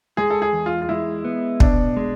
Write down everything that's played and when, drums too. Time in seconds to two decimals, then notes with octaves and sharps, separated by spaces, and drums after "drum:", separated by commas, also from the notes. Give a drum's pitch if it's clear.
0.17 G#3 G#4
0.30 A4
0.42 G#4
0.53 E2
0.66 F4
0.82 F4
0.89 G#3 E4
1.24 B3
1.60 B2 D4, drum: kick
1.97 G#3